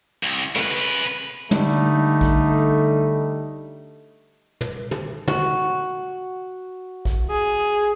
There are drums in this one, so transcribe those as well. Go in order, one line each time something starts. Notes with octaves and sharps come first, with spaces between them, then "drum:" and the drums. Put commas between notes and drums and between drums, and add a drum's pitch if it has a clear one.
C2, drum: open hi-hat
C#3 B4, drum: snare
D3 G3 A3 D#4, drum: tom
drum: kick A#1
drum: tom
drum: tom
F#4, drum: tom
drum: kick A#1
G#4